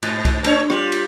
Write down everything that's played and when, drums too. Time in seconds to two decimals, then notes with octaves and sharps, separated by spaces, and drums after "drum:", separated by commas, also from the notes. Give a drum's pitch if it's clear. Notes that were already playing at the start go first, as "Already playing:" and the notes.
0.03 G#2, drum: cymbal
0.25 drum: kick C2, cymbal
0.44 A3 D4 C#5, drum: cymbal
0.70 G3 F4, drum: rim click
0.92 drum: cymbal